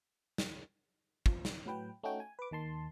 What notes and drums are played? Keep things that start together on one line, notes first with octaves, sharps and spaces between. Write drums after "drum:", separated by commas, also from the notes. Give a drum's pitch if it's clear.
drum: snare
F3, drum: kick
drum: snare
A2 F#3 B4 G5
A3 C#4 D#4 F#4 G5
G#5
B4 D6
D#2 D#3 A5 C6